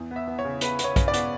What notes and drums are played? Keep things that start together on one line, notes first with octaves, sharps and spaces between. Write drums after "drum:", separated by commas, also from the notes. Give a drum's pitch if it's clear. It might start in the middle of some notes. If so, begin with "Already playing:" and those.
Already playing: E2
B3
E5
B3
C#5
C#3
B3 B4, drum: hi-hat
B3, drum: hi-hat
C#5
C#3, drum: kick, hi-hat
D5
B3, drum: hi-hat